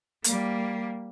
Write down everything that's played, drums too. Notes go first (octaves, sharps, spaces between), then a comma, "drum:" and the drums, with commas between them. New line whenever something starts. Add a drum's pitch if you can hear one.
G3 A#3, drum: hi-hat